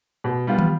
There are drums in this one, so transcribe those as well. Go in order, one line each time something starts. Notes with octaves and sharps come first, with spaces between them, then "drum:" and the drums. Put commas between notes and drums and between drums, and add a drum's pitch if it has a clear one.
B2
G3 B3 F4
drum: tom